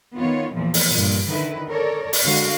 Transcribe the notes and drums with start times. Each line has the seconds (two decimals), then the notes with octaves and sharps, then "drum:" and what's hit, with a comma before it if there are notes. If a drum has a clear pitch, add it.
0.16 D#3 B3 F4 C#5
0.53 E2 A#2 E3 F3
0.74 drum: open hi-hat
0.91 G2 A#2
1.28 D3 D#3 E4 B4
1.70 A4 A#4 C#5 D5
2.13 drum: open hi-hat
2.25 D3 G#3 F#4 F5